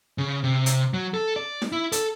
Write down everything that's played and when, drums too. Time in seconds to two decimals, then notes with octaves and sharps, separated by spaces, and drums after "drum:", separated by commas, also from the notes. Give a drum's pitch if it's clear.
0.18 C#3
0.44 C3
0.66 drum: hi-hat
0.94 F#3
1.14 A4
1.36 D5
1.62 drum: snare D#4
1.72 E4
1.92 A4, drum: hi-hat